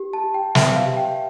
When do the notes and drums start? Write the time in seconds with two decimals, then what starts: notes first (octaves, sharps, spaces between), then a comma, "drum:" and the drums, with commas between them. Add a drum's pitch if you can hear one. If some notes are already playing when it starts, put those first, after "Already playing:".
Already playing: G4
0.13 A5
0.24 G4
0.34 G5
0.55 B4 E5, drum: snare
0.76 F5
0.86 G4
0.97 G5